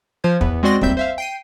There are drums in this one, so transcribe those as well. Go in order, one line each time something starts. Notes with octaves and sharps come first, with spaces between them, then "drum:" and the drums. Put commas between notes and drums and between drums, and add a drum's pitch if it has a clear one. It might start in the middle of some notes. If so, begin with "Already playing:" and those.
F3 C5 G#6
E2 B3, drum: kick
G#3 C4 F#4 D5 C6 A#6
G1 D#2 G3 C4 E5 G6, drum: kick
C5 E5 F5
G5 C7 D#7